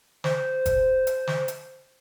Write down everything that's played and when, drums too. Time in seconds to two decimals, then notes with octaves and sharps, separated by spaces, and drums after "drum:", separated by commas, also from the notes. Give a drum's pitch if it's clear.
0.24 C5, drum: snare
0.66 drum: kick F#1, hi-hat
1.07 drum: hi-hat
1.27 drum: snare
1.48 drum: hi-hat